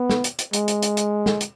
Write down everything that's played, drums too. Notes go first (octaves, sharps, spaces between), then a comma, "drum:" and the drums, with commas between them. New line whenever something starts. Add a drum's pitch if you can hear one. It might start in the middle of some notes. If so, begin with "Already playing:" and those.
Already playing: B3
drum: snare
drum: hi-hat
drum: hi-hat
G#3, drum: hi-hat
drum: hi-hat
drum: hi-hat
drum: hi-hat
drum: snare
drum: hi-hat